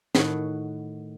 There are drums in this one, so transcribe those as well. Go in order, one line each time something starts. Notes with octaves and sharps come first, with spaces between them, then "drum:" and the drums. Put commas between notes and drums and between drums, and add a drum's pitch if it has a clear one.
A2 D#3 F#4, drum: snare